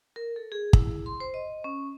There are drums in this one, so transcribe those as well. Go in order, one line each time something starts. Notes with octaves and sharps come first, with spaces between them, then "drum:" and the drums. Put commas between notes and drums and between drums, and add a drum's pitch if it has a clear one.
A#4
A4
G#4
E4, drum: kick
C6
C5
D#5
C#4